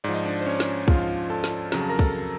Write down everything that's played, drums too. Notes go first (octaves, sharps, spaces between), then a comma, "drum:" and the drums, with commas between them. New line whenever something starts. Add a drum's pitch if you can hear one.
G#2 F3 D5
D#5
D4 D5
C5
C#4 C#5
drum: snare
G#2 F3 F4 F5, drum: kick
A4 A5
drum: snare
F2 C#3 F#3 A#5, drum: snare
A5
A#4 A#5
A4 A5, drum: kick